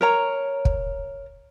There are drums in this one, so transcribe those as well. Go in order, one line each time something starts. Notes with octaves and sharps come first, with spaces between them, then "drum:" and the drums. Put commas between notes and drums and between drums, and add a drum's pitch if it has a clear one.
A#4 C#5 A#5
drum: kick